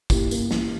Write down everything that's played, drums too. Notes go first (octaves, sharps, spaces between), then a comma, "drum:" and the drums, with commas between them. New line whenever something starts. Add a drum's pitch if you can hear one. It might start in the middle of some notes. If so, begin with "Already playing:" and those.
A#3 E4 G4, drum: kick, tambourine
A#3, drum: tambourine
E3, drum: snare